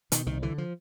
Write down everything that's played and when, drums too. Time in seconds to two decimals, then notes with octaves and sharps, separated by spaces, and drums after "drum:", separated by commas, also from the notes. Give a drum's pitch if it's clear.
0.12 B2 D#3, drum: hi-hat
0.26 C2 D#3
0.42 D3 E3
0.58 F3